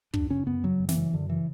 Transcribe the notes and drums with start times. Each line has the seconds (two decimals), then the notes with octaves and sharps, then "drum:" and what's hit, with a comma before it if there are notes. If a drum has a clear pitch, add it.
0.14 F#2 D4, drum: kick
0.30 C#3 C#4
0.47 F#2 B3
0.63 C#3 F#3
0.80 F#2
0.89 E3, drum: snare
0.97 C#3
1.13 F#2 D3
1.30 C#3 E3